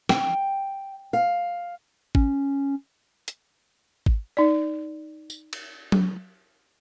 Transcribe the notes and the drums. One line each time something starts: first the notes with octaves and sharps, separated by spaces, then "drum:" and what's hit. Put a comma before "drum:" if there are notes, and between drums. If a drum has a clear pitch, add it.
G5, drum: snare
F5
C#4, drum: kick G#1
drum: hi-hat
drum: kick G#1
D#4 D5
drum: tambourine
drum: cymbal
drum: tom F#3